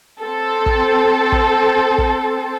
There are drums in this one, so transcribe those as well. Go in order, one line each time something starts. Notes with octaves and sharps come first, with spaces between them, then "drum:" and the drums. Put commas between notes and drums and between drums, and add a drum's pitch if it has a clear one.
C4 A4
drum: kick
drum: kick
drum: kick